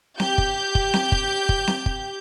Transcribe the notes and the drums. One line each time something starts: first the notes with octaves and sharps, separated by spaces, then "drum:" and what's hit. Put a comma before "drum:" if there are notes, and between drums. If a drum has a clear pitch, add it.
G4 G6, drum: snare C4
drum: kick
drum: kick
drum: snare C4
drum: kick
drum: kick
drum: snare C4
drum: kick